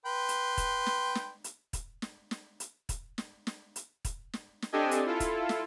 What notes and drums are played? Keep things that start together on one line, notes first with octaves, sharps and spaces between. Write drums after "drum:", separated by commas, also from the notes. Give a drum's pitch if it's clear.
B4 G5 C6
drum: hi-hat
drum: kick, hi-hat
drum: snare
drum: snare
drum: hi-hat
drum: kick, hi-hat
drum: snare
drum: snare
drum: hi-hat
drum: kick, hi-hat
drum: snare
drum: snare
drum: hi-hat
drum: kick, hi-hat
drum: snare
drum: snare
C4 D4 G4 A4 D#5 G#5
drum: hi-hat
E4 F4 A4
drum: kick, hi-hat
drum: snare